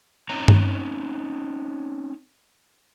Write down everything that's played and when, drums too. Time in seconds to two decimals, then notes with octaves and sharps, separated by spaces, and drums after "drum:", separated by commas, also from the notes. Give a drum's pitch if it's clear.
0.29 C4 C#4 D#4 C#5 A#5
0.48 drum: tom G2